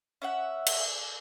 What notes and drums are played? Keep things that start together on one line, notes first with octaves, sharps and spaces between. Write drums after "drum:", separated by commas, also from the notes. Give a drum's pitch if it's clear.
C#4 E5 F#5
drum: cymbal